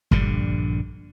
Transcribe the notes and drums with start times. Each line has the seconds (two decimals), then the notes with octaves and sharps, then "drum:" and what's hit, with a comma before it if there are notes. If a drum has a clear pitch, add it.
0.11 A#1 G2 D3 G3, drum: kick